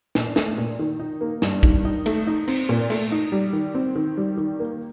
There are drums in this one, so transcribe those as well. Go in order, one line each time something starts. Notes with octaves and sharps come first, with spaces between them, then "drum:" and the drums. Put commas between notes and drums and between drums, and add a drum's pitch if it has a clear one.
A#2, drum: snare
A3, drum: snare
A#2
D#3
D#4
A#3
G2, drum: snare
D#3, drum: kick
D#4
A3, drum: cymbal
D#4
C4, drum: cymbal
A#2
A3, drum: cymbal
D#4
G3
D#3
C4
D#3
G3
D#3
A#3